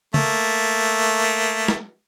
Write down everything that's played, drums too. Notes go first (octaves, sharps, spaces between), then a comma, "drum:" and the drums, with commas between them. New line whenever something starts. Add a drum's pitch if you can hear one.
A3 A#3, drum: tom
drum: snare